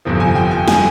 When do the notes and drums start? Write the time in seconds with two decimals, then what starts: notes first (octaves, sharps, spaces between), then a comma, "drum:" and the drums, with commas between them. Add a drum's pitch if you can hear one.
0.05 G1 F2 C3 F3
0.20 G#5
0.35 G5
0.51 G5
0.68 G#5, drum: snare